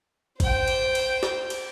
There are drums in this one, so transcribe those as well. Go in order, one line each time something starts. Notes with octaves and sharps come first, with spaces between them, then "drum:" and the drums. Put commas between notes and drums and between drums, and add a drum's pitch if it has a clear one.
C5 G5, drum: kick, cymbal
drum: cymbal
drum: cymbal
drum: snare
drum: cymbal